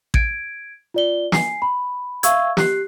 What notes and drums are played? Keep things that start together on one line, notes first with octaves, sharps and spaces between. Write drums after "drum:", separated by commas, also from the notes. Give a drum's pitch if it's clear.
G#6 D7, drum: kick A1
F4 D5 G7
G#5 C7, drum: snare
B5
E5 F5 C#6 E6 G#6, drum: hi-hat
G4 F#6 C7, drum: snare